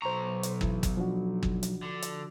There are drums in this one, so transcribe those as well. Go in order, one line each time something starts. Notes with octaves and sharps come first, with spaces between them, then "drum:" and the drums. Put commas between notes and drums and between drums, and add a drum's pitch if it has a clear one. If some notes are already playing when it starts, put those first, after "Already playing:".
B1 C5 A#5 C#6
drum: hi-hat
E3 E4, drum: kick
drum: kick, hi-hat
F3 D4 F#4
drum: kick
drum: hi-hat
D3
drum: hi-hat